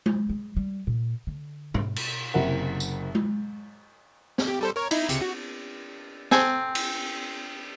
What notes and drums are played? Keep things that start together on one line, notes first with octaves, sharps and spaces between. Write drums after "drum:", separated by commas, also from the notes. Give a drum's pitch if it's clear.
drum: tom G#3
G#3
G3
A#2
D3
G#2, drum: tom B2
drum: cymbal
F#1 C3 E4 A#4 F#5
drum: tambourine
drum: tom G#3
drum: snare
G4
G3 A4 C5
A#4 C#5
D#4 E4, drum: cymbal
C#2 C3 C#7, drum: hi-hat
F#4
C4 A4 G#5, drum: snare
drum: cymbal